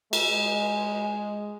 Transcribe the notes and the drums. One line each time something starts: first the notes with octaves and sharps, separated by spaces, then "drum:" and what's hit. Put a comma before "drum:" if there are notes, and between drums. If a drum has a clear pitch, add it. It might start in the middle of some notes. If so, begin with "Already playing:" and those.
G#3, drum: cymbal